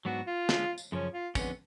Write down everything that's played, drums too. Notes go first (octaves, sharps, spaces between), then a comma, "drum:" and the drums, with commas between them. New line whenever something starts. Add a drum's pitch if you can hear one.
G#2 F#3 B3 D4 F#4
F4
D3 G#3 C#4, drum: snare
drum: tambourine
F#2 C#3 F3 C#4
F4
F2 D3 G#3 B3 C#4, drum: kick, tambourine